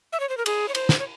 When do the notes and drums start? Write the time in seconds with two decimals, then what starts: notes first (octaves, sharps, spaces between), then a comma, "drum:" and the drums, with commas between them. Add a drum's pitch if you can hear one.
0.13 E5
0.20 C#5
0.29 C5
0.37 A#4
0.46 G#4, drum: cymbal
0.69 C#5
0.75 C5, drum: cymbal
0.89 drum: snare
0.99 C#5